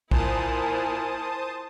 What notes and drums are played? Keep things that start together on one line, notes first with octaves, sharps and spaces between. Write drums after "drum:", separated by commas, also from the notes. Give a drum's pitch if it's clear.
A#2 E4 A#4 C5 G#5 A5 D#6, drum: kick